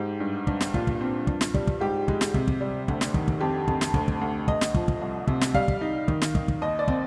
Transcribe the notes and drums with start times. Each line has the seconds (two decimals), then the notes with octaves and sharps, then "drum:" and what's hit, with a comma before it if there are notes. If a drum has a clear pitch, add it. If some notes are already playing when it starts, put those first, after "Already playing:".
Already playing: G#2 G4
0.20 G2
0.47 G2, drum: kick
0.61 drum: snare
0.74 A#2 F4, drum: kick
0.87 drum: kick
1.01 C4
1.27 G2, drum: kick
1.41 drum: snare
1.54 G3, drum: kick
1.67 drum: kick
1.80 G#2 G4
2.08 G#3, drum: kick
2.21 drum: snare
2.34 C3, drum: kick
2.48 drum: kick
2.61 G3
2.88 D2, drum: kick
3.01 drum: snare
3.14 D#3, drum: kick
3.28 drum: kick
3.40 F2 G4
3.68 F2, drum: kick
3.81 drum: snare
3.94 D2, drum: kick
4.08 drum: kick
4.21 D2
4.48 D2 D#5, drum: kick
4.61 drum: snare
4.74 F3, drum: kick
4.88 drum: kick
5.01 C2
5.27 C3, drum: kick
5.41 drum: snare
5.54 G3 F5, drum: kick
5.68 drum: kick
5.81 D#4
6.08 D#3, drum: kick
6.21 drum: snare
6.35 D#3, drum: kick
6.48 drum: kick
6.61 D#2 D#5
6.79 D5
6.88 C4, drum: kick